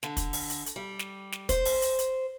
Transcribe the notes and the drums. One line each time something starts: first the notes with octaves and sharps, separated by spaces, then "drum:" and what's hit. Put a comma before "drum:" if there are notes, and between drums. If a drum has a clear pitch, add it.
D3, drum: snare
drum: kick, hi-hat
drum: open hi-hat
drum: hi-hat
drum: hi-hat
G3
drum: snare
drum: snare
C5, drum: kick, hi-hat
drum: open hi-hat
drum: hi-hat
drum: hi-hat